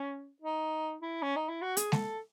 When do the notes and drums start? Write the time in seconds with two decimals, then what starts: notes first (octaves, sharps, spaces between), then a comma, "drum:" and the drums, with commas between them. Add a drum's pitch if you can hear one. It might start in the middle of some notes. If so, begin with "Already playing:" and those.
Already playing: C#4
0.42 D#4
1.02 E4
1.22 C#4
1.36 D#4
1.49 E4
1.61 F#4
1.77 G#4, drum: hi-hat
1.92 A4, drum: snare G#3